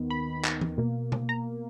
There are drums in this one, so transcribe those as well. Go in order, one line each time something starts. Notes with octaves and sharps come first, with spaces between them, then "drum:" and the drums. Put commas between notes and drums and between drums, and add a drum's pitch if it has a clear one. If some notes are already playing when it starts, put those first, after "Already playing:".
Already playing: D#2 D#3 B3
B5
drum: clap
drum: tom E3
B2 A#3
drum: tom C3
A#5